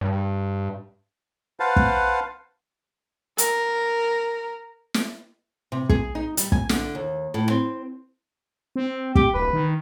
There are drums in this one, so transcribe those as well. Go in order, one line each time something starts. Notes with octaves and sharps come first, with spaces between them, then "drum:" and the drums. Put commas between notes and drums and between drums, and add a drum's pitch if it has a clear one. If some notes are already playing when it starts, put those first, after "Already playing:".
G2
B4 C5 F5 F#5 A5
drum: kick
A#4, drum: hi-hat
drum: snare
C3
G#4, drum: kick
D#4
G3, drum: hi-hat
G#5, drum: kick
D3, drum: snare
D#2
A2
C4
C4
G4, drum: kick
D1 B4
D#3